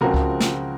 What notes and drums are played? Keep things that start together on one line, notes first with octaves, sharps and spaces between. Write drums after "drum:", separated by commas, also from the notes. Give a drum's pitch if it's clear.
C#2 C#3 F3 C4 F#4 A#4
drum: kick C#2
drum: snare